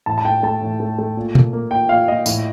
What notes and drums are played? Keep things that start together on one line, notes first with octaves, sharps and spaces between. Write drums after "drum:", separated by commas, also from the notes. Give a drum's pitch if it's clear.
A2 A5
A5
A3 G5
A3 A5
A2
A3
A3
A#2
A#3, drum: tom A#2
A#3
A#2 G5
A#2 F5
A#2 D#5
A2, drum: tambourine